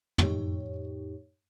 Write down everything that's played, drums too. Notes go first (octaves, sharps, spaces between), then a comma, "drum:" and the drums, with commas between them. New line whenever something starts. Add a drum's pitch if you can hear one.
F2 A2 D#4 G4 C#5, drum: tom